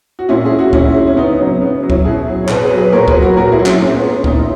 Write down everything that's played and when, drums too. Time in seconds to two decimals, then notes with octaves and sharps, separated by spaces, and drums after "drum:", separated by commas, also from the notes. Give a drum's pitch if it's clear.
0.19 F#4
0.29 A#2 C#4 E4
0.45 G#3 G#4
0.59 F#4
0.73 A#2 C#4 E4, drum: kick
0.95 G#3
1.07 C#4
1.17 C#3 B3 D#4
1.38 F#3 C#4
1.50 C#4
1.61 C#3 B3
1.76 C#4
1.83 F#3
1.90 C#4 E4, drum: kick
2.05 B2 E4 G#4
2.27 F#3
2.44 C#5
2.48 B2 G#4 B4, drum: clap
2.64 G#4 B4
2.71 F#3
2.78 G#4 B4
2.92 A#2 A#4 C#5
3.08 G#4 B4, drum: kick
3.15 F#3
3.22 F#4 A#4
3.37 A#2 F#4 A#4
3.52 E4 G#4
3.59 F#3
3.66 C#4, drum: clap
3.81 A#2 C#4
3.95 B3
4.03 G#3
4.11 C#4
4.24 A#2 D#4, drum: kick
4.33 E4